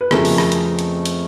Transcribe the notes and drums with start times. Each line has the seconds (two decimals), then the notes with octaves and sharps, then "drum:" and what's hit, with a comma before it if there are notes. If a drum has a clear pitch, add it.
0.01 B4
0.11 F2 C#3 F3 A3 C4 G#4 A#4, drum: rim click
0.25 drum: open hi-hat
0.38 drum: rim click
0.52 drum: hi-hat
0.79 drum: hi-hat
1.05 drum: hi-hat